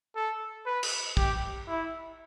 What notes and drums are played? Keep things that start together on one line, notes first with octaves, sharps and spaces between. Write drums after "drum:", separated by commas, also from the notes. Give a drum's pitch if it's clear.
A4
B4
drum: cymbal
G4, drum: kick
E4